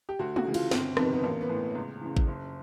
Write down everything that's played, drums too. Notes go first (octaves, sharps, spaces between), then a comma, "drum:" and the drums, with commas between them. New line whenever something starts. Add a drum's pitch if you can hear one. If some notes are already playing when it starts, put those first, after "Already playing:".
G4
D2 F#4
F#4, drum: tom G#3
C#3 E3
F4, drum: cymbal
G1 C4, drum: snare
F2 C3 D#3 B3, drum: rim click
B3
A1 A#3
B3
A2 E3
C#2
C#3 E3
drum: kick A1
F#1